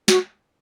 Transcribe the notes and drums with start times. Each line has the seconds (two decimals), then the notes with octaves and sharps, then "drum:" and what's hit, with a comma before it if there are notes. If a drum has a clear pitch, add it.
0.08 F#4, drum: snare